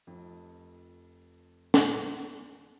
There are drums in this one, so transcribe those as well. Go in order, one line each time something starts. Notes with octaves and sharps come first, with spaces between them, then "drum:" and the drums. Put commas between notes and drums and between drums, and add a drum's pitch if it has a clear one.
F1 F2
drum: snare